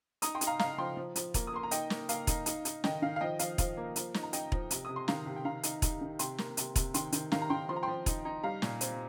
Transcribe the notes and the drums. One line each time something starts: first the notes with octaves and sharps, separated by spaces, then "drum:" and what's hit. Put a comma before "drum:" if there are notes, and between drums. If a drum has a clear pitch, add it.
D#4 A#5 D#6, drum: hi-hat
G5 C6
D#4, drum: hi-hat
F5 A#5
D#4 F5 A#5, drum: snare
F3 G5 C6
F3
F3, drum: hi-hat
A#3, drum: kick E1, hi-hat
D#6
A#3 C6
A#5
D#4 D#5 G5, drum: hi-hat
A#3, drum: snare
A#3 F5 A#5, drum: hi-hat
D#4, drum: kick E1, hi-hat
D#4, drum: hi-hat
D#4, drum: hi-hat
D#3 D#5 G5, drum: snare
D#3 F5
F5
F3 D#5 G5
F3 F5, drum: hi-hat
F3 F5, drum: kick E1, hi-hat
A#3
F3, drum: hi-hat
D#4, drum: snare
A#5
D#4 D#5 G5, drum: hi-hat
F3, drum: kick E1
C3, drum: hi-hat
C3 D#6
C6
D#3 F5 A#5, drum: snare
C3
G5
D#3 F5 A#5
D#4, drum: hi-hat
D#4, drum: kick E1, hi-hat
D#3
C3 G5 C6, drum: hi-hat
A#3, drum: snare
C3, drum: hi-hat
C3, drum: kick E1, hi-hat
D#3 G5 C6, drum: hi-hat
D#3, drum: hi-hat
D#3 F5 A#5, drum: snare
A#5
D#3 G5 C6
F3 C6
A#5
F3 G5 C6
D#4, drum: kick E1, hi-hat
D#4
G3 F5 A#5
A#2, drum: snare
C4, drum: hi-hat